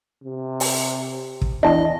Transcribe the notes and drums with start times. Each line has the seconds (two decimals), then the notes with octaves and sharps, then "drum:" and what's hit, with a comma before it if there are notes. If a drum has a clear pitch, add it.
0.24 C3
0.60 drum: open hi-hat
1.41 drum: kick
1.63 E2 D4 E4 D#5